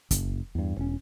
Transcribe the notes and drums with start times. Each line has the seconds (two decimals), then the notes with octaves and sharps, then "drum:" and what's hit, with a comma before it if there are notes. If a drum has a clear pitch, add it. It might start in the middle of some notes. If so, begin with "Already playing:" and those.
0.11 F#1, drum: kick, hi-hat
0.55 E2 G2
0.77 E1 C#4